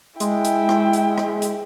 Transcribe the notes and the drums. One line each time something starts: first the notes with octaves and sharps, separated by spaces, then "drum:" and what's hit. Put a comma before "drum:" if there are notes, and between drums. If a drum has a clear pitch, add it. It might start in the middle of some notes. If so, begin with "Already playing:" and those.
G#3 E4 G5, drum: hi-hat
drum: hi-hat
drum: rim click
drum: hi-hat
drum: rim click
drum: hi-hat